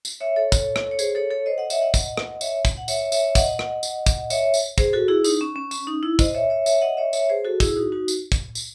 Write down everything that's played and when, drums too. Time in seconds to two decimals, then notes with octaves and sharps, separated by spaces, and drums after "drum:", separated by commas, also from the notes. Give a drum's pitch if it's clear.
0.05 drum: tambourine
0.20 C#5 E5
0.36 A4 C#5
0.52 drum: kick, tambourine
0.76 drum: rim click
0.91 C#5
0.99 G#4 C5, drum: tambourine
1.15 A4 C#5
1.31 A4 C#5
1.46 C5 D#5
1.58 D#5 F#5
1.70 C#5 E5, drum: tambourine
1.81 D#5 F#5
1.94 drum: kick, tambourine
2.17 drum: rim click
2.41 C#5 E5, drum: tambourine
2.65 drum: kick, tambourine
2.77 F#5
2.88 C#5 E5, drum: tambourine
3.12 C#5 E5, drum: tambourine
3.35 D#5 F#5, drum: kick, tambourine
3.59 drum: rim click
3.83 drum: tambourine
4.06 drum: kick, tambourine
4.30 C#5 E5, drum: tambourine
4.54 drum: tambourine
4.78 G#4 C5, drum: kick, tambourine
4.93 F#4 A4
5.08 E4 G#4
5.24 D#4, drum: tambourine
5.41 C#4
5.56 C#4
5.71 C#4, drum: tambourine
5.87 D#4
6.03 E4
6.19 C5 D#5, drum: kick, tambourine
6.34 C#5 E5
6.50 C#5 E5
6.66 C#5 E5, drum: tambourine
6.82 D#5 F#5
6.97 C#5 E5
7.13 C#5 E5, drum: tambourine
7.30 G#4 C5
7.44 F#4 A4
7.60 E4 G#4, drum: kick, tambourine
7.76 D#4 F#4
7.92 D#4 F#4
8.08 drum: tambourine
8.32 drum: kick, tambourine
8.55 drum: tambourine